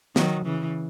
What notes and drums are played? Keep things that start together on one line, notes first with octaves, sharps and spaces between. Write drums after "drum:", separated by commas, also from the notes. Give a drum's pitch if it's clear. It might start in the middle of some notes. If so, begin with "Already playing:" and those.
D#3 F#3, drum: snare
C#3 E3